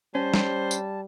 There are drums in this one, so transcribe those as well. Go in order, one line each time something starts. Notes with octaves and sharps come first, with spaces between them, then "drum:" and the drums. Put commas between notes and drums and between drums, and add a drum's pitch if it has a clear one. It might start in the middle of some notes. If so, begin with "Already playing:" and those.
G3 C#4 C5 A5
drum: snare
drum: tambourine